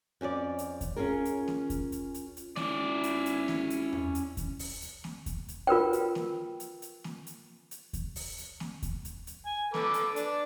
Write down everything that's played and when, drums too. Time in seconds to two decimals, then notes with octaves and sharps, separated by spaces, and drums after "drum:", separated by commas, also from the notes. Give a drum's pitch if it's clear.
0.21 F2 C#4 G#4 D5
0.59 drum: hi-hat
0.81 drum: kick D#2, hi-hat
0.96 C#4 F4 G#4 A#4
1.25 drum: hi-hat
1.48 drum: snare A#3
1.70 drum: kick D#2, hi-hat
1.92 drum: hi-hat
2.14 drum: hi-hat
2.37 drum: hi-hat
2.56 G#1 C#4 E4 D5, drum: snare A#3
3.03 drum: hi-hat
3.26 drum: hi-hat
3.48 drum: snare A#3
3.70 drum: hi-hat
3.93 drum: tom E2
4.15 drum: hi-hat
4.37 drum: kick D#2, hi-hat
4.59 drum: open hi-hat
4.82 drum: hi-hat
5.04 drum: snare A#3
5.26 drum: kick D#2, hi-hat
5.48 drum: hi-hat
5.67 F4 A#4 B4 G5
5.93 drum: hi-hat
6.15 drum: snare A#3
6.60 drum: hi-hat
6.82 drum: hi-hat
7.04 drum: snare A#3
7.27 drum: hi-hat
7.71 drum: hi-hat
7.93 drum: kick D#2, hi-hat
8.16 drum: open hi-hat
8.38 drum: hi-hat
8.60 drum: snare A#3
8.82 drum: kick D#2, hi-hat
9.05 drum: hi-hat
9.27 drum: hi-hat
9.46 G#5
9.74 A4 B4 D6, drum: snare A#3
9.94 drum: hi-hat
10.16 D4, drum: hi-hat